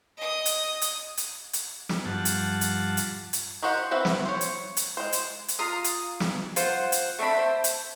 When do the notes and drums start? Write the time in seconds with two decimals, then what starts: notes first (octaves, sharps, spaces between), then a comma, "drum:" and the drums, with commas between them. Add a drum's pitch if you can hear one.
0.17 D#5 D#6
0.46 drum: hi-hat
0.82 drum: hi-hat
1.17 drum: hi-hat
1.53 drum: hi-hat
1.89 drum: snare
2.06 G2 F3 F#5 A5
2.25 drum: hi-hat
2.61 drum: hi-hat
2.97 drum: hi-hat
3.33 drum: hi-hat
3.63 D#4 F#4 G4 C5 F#5
3.91 C4 F#4 B4 E5
4.05 drum: snare
4.26 C5 C#5
4.41 drum: hi-hat
4.77 drum: hi-hat
4.97 G#3 C5
5.13 drum: hi-hat
5.48 drum: hi-hat
5.59 F4 A#5 C6 D#6
5.84 drum: hi-hat
6.20 drum: snare
6.56 F4 C5 F#5, drum: hi-hat
6.92 drum: hi-hat
7.19 A3 C4 D4 B5
7.37 C5
7.64 drum: hi-hat